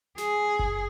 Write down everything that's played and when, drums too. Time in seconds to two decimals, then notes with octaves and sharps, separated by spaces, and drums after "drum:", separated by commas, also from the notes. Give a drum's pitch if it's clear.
0.18 G#4, drum: snare
0.59 drum: kick F#1